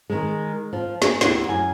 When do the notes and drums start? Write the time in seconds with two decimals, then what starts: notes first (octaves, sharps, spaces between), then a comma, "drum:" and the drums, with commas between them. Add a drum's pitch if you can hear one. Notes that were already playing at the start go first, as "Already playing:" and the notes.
0.10 D#3 G#3
0.73 F3
1.02 G#4, drum: snare
1.21 D2 D#3 E4 G4 F#5, drum: snare
1.47 F#2 G#5